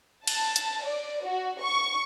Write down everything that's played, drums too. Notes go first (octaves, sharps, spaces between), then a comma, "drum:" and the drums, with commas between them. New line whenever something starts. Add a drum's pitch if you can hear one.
A5, drum: cymbal
drum: hi-hat
D5
F#4
C#6